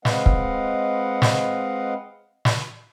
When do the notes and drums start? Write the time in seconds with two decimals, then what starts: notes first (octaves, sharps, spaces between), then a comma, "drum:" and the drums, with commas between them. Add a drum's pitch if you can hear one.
0.05 G#3 C4 B4 D#5 F5 F#5, drum: snare
0.26 drum: kick
1.22 drum: snare
2.45 drum: snare